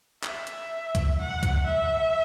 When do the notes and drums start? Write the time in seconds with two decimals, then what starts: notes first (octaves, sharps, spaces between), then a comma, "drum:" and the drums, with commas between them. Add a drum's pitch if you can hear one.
0.23 E5, drum: clap
0.47 drum: hi-hat
0.95 drum: kick C2, hi-hat
1.19 F#5
1.43 drum: kick C2, hi-hat
1.67 E5